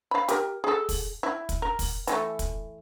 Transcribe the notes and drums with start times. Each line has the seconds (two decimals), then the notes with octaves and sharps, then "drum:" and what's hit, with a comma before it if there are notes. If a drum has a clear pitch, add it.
0.11 F5 B5
0.28 G4 A#4, drum: hi-hat
0.64 G#4 A4
0.89 drum: kick, open hi-hat
1.23 E4
1.49 drum: kick, hi-hat
1.62 A#4
1.79 drum: kick, open hi-hat
2.07 E3 G3 A3, drum: hi-hat
2.39 drum: kick, hi-hat